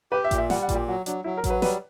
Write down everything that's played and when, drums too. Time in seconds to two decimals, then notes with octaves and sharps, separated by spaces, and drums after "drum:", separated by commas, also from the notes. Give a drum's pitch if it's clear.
0.12 G4 B4
0.24 E5
0.31 A#2, drum: kick A1, hi-hat
0.38 E5
0.50 G3 F#5, drum: snare
0.62 F#5
0.69 A#2, drum: kick A1, hi-hat
0.75 G4
0.88 F#3 F#4
1.06 F#3 D4, drum: hi-hat
1.24 F#3 E4
1.37 A#4
1.44 F#3, drum: kick A1, hi-hat
1.50 B4
1.62 G3 B4, drum: snare